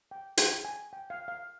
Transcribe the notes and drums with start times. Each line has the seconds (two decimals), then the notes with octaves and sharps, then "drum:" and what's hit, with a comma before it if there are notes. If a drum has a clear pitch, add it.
0.11 G5
0.38 G5, drum: hi-hat
0.65 G#5
0.93 G5
1.10 F5
1.28 F5